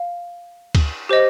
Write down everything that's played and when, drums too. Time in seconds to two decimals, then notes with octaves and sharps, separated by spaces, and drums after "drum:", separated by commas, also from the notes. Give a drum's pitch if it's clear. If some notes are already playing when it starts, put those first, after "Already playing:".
Already playing: F5
0.75 drum: kick D2, cymbal
1.09 G4 C5 D#5